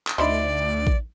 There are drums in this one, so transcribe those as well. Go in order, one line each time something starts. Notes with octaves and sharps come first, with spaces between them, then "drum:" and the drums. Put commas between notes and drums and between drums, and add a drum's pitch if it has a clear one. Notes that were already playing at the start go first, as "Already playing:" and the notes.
drum: clap
D2 F3 D#4 D5 E5 B5 C6
drum: kick A1